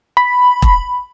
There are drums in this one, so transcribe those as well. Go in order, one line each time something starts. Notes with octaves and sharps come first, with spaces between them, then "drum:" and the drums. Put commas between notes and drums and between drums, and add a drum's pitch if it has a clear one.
B5
drum: kick E1